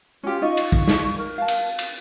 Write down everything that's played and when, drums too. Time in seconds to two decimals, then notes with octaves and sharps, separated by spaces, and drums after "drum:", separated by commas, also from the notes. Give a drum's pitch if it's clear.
0.23 C#4 F4 G4
0.42 D#4 F4 D#5 C#6
0.57 drum: cymbal
0.72 drum: kick
0.88 drum: snare
1.18 A#4
1.38 F5 A5
1.48 drum: cymbal
1.79 drum: cymbal